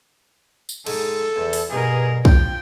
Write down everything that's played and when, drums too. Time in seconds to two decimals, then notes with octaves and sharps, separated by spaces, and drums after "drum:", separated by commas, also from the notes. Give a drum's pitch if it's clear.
0.69 drum: tambourine
0.86 G#2 A4, drum: cymbal
1.36 E2
1.53 drum: open hi-hat
1.70 G2 B2 G#4 A#4
2.25 F3 G5, drum: kick